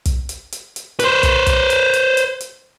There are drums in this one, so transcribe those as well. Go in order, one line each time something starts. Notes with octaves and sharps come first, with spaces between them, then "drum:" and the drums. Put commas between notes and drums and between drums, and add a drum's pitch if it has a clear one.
drum: kick, hi-hat
drum: hi-hat
drum: hi-hat
drum: hi-hat
B4 C5, drum: hi-hat
drum: kick, hi-hat
drum: kick, hi-hat
drum: hi-hat
drum: hi-hat
drum: hi-hat
drum: hi-hat